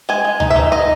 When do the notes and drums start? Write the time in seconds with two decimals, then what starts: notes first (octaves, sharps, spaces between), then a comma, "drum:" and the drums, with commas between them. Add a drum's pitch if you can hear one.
0.09 G#3 G#5
0.25 G#3
0.40 D#4, drum: tom C#2
0.50 E5
0.56 D#4
0.72 D#4 D#5